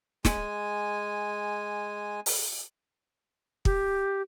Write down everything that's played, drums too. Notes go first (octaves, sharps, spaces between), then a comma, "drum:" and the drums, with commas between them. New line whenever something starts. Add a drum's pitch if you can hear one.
G#3 G#5, drum: snare
drum: open hi-hat
G4, drum: kick